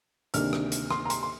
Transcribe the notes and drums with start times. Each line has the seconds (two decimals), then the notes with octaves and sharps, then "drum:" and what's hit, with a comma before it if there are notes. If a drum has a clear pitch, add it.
0.34 D2 C3 D#3 A#3 D4 F6, drum: hi-hat
0.53 drum: rim click
0.72 drum: hi-hat
0.90 C6, drum: rim click
1.05 A#5
1.10 C6, drum: hi-hat
1.23 C6